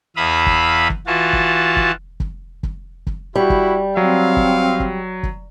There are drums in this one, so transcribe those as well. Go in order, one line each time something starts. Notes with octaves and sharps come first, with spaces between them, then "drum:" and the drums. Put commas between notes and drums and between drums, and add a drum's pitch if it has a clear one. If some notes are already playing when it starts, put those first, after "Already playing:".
E2 E5 F5 B5 D#6
drum: kick
drum: kick
E3 F4 F#4 A5
drum: kick
drum: kick
drum: kick
drum: kick
drum: kick
G3 E4 F#4
drum: kick
F#3 C4 F5
drum: kick
drum: kick
drum: kick